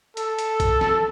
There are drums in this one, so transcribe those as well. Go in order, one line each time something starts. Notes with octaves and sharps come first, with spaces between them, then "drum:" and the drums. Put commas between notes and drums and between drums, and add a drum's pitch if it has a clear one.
A4, drum: hi-hat
drum: hi-hat
drum: kick A#1, hi-hat
drum: snare